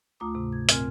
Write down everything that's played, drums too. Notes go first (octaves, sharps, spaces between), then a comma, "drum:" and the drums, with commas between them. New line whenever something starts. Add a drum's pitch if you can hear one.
D2 A3 F4 A#5 D6 D#6
G#2 C3
G#6
A#2 C4 A#4 G#5 F6 G#6, drum: hi-hat